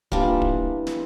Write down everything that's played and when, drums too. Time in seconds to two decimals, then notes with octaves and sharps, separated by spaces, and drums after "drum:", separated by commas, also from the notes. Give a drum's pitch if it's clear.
0.12 E3 G3 A#3 D4 D#4 F4 A5, drum: kick
0.42 drum: kick
0.87 drum: snare